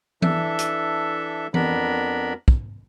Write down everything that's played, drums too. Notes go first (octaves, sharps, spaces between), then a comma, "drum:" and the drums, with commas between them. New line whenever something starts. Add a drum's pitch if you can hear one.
E3 D4 A4 E5, drum: tom E3
drum: hi-hat
F2 B3 D4 A#4 B5, drum: tom E3
drum: kick